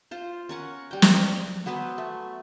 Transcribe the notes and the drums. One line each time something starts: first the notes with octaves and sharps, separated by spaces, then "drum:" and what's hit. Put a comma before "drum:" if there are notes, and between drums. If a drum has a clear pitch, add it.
F4 C5
C#4 A#4 F#5
G3 G5
drum: snare
F#3 B3 B4 C5
A3